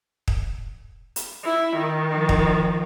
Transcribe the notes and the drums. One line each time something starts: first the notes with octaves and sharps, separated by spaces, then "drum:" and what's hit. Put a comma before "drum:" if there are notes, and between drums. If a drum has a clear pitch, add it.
drum: kick
drum: hi-hat
E4
D#3
F3
drum: kick